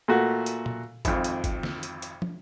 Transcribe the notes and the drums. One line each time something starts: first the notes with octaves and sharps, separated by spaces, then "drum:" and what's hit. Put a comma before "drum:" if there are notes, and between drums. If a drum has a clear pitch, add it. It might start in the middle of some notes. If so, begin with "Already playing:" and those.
A#2 A3 F#4
drum: hi-hat
drum: tom A#2
G#1 F2, drum: kick, hi-hat
drum: hi-hat
drum: kick, hi-hat
drum: snare
drum: hi-hat
drum: hi-hat
drum: tom